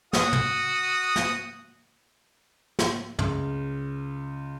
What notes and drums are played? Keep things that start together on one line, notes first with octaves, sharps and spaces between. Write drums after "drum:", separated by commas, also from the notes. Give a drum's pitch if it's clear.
F#4 D#6, drum: snare
drum: tom
drum: snare
drum: snare
C#2, drum: tom